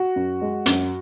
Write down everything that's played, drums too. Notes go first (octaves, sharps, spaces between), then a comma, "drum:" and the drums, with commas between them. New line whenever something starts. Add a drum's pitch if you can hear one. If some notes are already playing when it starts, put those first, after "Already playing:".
Already playing: F#4
F#2
G#3
F#2, drum: hi-hat